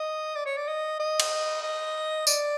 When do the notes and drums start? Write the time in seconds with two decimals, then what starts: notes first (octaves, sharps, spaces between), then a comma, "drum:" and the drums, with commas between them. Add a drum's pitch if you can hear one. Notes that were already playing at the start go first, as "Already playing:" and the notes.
Already playing: D#5
0.35 D5
0.46 C#5
0.57 D5
0.68 D#5
0.99 D#5
1.20 drum: cymbal
1.63 D#5
2.27 D5, drum: tambourine